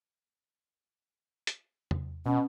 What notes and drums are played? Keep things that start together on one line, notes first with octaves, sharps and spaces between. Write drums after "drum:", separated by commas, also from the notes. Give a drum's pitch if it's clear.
drum: hi-hat
drum: tom
B2 C#4